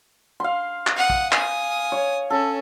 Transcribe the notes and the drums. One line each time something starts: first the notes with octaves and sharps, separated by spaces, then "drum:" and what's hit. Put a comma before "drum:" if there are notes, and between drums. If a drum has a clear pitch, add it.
F5 C6
drum: clap
F#5 D#6
drum: kick
G#5 D#6, drum: clap
C#5
C#4 A4